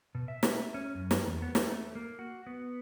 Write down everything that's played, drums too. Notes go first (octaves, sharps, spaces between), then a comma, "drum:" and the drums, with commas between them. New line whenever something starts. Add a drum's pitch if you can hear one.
B2
E5
drum: snare
C#4
F#2
drum: snare
E2
B3
A3, drum: snare
A#3
F#4
B3